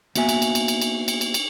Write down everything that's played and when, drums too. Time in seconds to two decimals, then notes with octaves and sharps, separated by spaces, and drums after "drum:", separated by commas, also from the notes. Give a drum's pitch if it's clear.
0.15 A#3 B3 F#4 E5 G#5, drum: cymbal
0.29 drum: cymbal
0.42 drum: cymbal
0.55 drum: cymbal
0.68 drum: cymbal
0.81 drum: cymbal
1.08 drum: cymbal
1.21 drum: cymbal
1.34 drum: cymbal